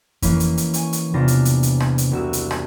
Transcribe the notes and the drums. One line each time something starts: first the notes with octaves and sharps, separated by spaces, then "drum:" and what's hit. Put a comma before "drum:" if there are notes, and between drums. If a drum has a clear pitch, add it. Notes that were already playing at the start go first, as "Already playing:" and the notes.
E3 A#3 C#4, drum: kick F2, hi-hat
drum: hi-hat
drum: hi-hat
G#5 C#6, drum: hi-hat
drum: hi-hat
E2 C3 B3 D4 F4 A#6
drum: hi-hat
drum: hi-hat
drum: hi-hat
drum: rim click
drum: hi-hat
C2 F#4 E6
drum: hi-hat
drum: rim click